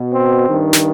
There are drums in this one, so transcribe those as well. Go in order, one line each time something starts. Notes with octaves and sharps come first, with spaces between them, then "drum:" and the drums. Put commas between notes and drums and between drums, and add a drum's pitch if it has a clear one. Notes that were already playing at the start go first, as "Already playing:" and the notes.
Already playing: B2
C4
G2 D#3
drum: snare